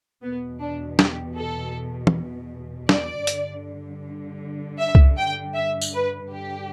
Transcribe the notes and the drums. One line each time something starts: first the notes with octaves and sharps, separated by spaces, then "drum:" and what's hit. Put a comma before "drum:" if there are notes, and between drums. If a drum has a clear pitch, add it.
E2 B2 B3
D4
G4, drum: snare
A4
drum: tom
D5, drum: snare
G2 D3, drum: hi-hat
E5
drum: kick C2
G5
E5
drum: tambourine
B4
G2 D3 G4